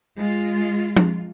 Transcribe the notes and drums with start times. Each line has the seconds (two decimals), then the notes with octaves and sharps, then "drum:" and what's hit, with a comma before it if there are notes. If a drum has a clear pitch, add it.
0.16 G#3 F4
0.96 drum: tom F3